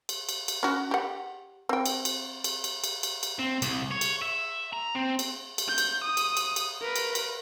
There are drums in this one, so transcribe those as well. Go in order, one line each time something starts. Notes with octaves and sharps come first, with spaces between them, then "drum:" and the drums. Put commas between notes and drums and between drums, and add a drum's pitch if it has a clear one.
drum: cymbal
drum: cymbal
drum: cymbal
C#4 F#4
G4 F#5
C4 G5
drum: cymbal
drum: cymbal
drum: cymbal
drum: cymbal
drum: cymbal
drum: cymbal
drum: cymbal
C4
C2, drum: cymbal
C#5
drum: cymbal
E5
A#5
C4
drum: cymbal
drum: cymbal
G6
drum: cymbal
D#6
drum: cymbal
drum: cymbal
drum: cymbal
A#4 B4
drum: cymbal
drum: cymbal